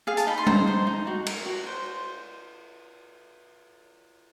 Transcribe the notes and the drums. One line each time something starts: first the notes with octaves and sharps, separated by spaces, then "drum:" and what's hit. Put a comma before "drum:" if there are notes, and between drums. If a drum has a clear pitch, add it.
G#4 F5
A5, drum: hi-hat
D#4 B5
C6
C5 A#5, drum: tom G3
C5
D#4
F#4
A#4, drum: cymbal
F#4
C5
C5